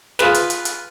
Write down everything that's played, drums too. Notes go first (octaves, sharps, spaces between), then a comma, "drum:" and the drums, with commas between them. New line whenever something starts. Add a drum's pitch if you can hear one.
F4 G#4 B4, drum: snare
drum: hi-hat
drum: hi-hat
drum: hi-hat